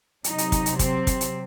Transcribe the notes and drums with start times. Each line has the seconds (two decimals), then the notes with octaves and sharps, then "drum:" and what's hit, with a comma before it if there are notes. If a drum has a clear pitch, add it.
0.24 C3 F#3 D#4, drum: hi-hat
0.38 drum: hi-hat
0.52 drum: kick, hi-hat
0.66 drum: hi-hat
0.79 C4, drum: kick, hi-hat
1.07 drum: kick, hi-hat
1.21 drum: hi-hat